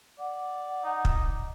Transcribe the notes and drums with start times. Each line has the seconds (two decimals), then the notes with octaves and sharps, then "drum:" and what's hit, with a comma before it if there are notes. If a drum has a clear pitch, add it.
0.19 D5 F#5
0.84 D#4
1.05 drum: kick